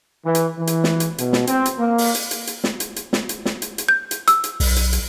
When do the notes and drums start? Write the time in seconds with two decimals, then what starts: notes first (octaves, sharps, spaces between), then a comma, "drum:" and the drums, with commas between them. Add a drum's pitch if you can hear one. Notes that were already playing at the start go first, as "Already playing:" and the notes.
0.25 E3
0.35 drum: hi-hat
0.58 E3
0.67 drum: hi-hat
0.84 drum: snare
1.00 drum: hi-hat
1.18 B2, drum: hi-hat
1.33 drum: snare
1.47 C4, drum: hi-hat
1.66 drum: hi-hat
1.78 A#3
1.98 drum: open hi-hat
2.15 drum: hi-hat
2.31 drum: hi-hat
2.47 drum: hi-hat
2.64 drum: snare
2.80 drum: hi-hat
2.96 drum: hi-hat
3.13 drum: snare
3.29 drum: hi-hat
3.45 drum: snare
3.62 drum: hi-hat
3.78 drum: hi-hat
3.89 G6
4.11 drum: hi-hat
4.28 E6, drum: hi-hat
4.44 drum: hi-hat
4.60 B1, drum: open hi-hat
4.76 drum: hi-hat
4.93 drum: hi-hat